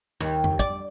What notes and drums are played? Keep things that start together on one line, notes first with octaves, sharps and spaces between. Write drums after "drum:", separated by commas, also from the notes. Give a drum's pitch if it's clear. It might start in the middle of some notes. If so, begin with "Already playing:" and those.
D#2
drum: tom F2
D5, drum: kick